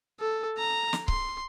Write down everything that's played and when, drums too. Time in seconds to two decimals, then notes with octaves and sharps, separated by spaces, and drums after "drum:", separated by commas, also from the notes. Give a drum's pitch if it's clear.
0.20 A4
0.58 A#5
0.93 drum: snare
1.08 C6, drum: kick C#1